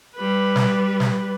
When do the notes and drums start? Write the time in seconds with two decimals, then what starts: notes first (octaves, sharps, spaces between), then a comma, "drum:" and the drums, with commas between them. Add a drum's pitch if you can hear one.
0.15 G3 B4
0.56 drum: snare
1.00 drum: snare